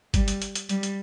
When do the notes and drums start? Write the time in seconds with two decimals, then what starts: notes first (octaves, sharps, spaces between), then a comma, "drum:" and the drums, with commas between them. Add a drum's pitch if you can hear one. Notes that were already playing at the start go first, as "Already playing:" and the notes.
0.14 G3, drum: kick G1, hi-hat
0.28 drum: hi-hat
0.42 drum: hi-hat
0.55 drum: hi-hat
0.69 G3, drum: hi-hat
0.83 drum: hi-hat